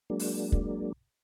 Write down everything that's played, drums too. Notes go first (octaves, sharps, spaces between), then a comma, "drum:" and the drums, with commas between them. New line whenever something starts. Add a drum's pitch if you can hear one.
F#3 G#3 A#3 D4
drum: open hi-hat
drum: kick